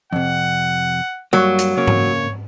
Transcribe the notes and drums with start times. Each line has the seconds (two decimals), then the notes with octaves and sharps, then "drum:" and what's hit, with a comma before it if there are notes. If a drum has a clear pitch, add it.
0.13 F2 C3 F#5
1.33 G2 F#3 G3 A#3
1.59 drum: hi-hat
1.77 C#3 A#3 C#5
1.87 drum: tom G#2